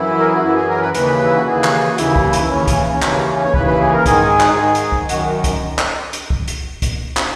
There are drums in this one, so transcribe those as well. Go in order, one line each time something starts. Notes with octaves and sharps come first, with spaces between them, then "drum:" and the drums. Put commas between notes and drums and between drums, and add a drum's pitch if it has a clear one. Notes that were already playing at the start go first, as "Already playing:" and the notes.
Already playing: F#2 E3 E4
A#4
G#4
F#4
F#2 E3 E4
G#4
A#4
B4
D#2 C#3 E3 B4, drum: hi-hat
E4
F#4
D#2 C#3 E3 G#4
drum: clap
F#4
D#2 C#3 E3 E4, drum: hi-hat
drum: kick
drum: hi-hat
D#2 C#3 E3 C#4
drum: kick, hi-hat
D#2 C#3 E3, drum: clap
C#5
D#2 C#3 E3 B4, drum: kick
B4
G#4
A#4
G#2 D#3 G#4, drum: kick, hi-hat
drum: clap
G#2 D#3
drum: hi-hat
drum: kick
F#2 D#3 F#4, drum: hi-hat
drum: kick, hi-hat
drum: clap
drum: hi-hat
drum: kick
drum: hi-hat
drum: kick, hi-hat
drum: clap